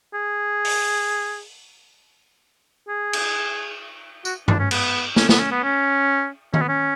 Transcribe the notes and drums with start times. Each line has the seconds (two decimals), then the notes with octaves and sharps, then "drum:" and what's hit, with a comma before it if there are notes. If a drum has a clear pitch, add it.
0.14 G#4
0.65 drum: open hi-hat
2.89 G#4
3.13 drum: cymbal
4.25 F#4, drum: tambourine
4.48 D4, drum: tom G2
4.59 C#4
4.71 B3, drum: cymbal
5.16 C#4, drum: snare
5.29 B3, drum: snare
5.39 C#4
5.52 B3
5.63 C#4
6.54 C#4, drum: tom D#3
6.62 B3
6.68 C#4